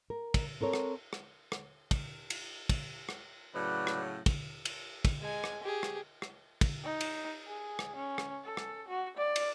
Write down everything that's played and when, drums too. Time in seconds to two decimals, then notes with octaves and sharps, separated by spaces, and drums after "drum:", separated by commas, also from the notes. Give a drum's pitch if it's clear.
0.10 A#4
0.34 drum: kick, cymbal
0.61 C4 A4 A#4 C#5
0.73 drum: rim click
1.13 drum: rim click
1.52 drum: rim click
1.91 drum: kick, cymbal
2.30 drum: cymbal
2.69 drum: kick, cymbal
3.09 drum: rim click
3.55 A2 C#3 F#3 B4 D5
3.87 drum: rim click
4.26 drum: kick, cymbal
4.65 drum: cymbal
5.05 drum: kick, cymbal
5.21 G#3 G#5
5.44 drum: rim click
5.63 G4 G#4
5.83 drum: rim click
6.22 drum: rim click
6.61 drum: kick, cymbal
6.83 D#4
7.01 drum: cymbal
7.48 G#4
7.79 drum: rim click
7.96 C#4
8.18 drum: rim click
8.45 A4
8.57 drum: rim click
8.88 F#4
9.17 D5
9.36 drum: cymbal